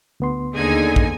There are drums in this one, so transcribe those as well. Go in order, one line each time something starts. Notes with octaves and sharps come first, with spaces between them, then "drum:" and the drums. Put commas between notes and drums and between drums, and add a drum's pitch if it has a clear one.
D2 B3 C6
D#2 D3 D#4 G#4 G#5
drum: kick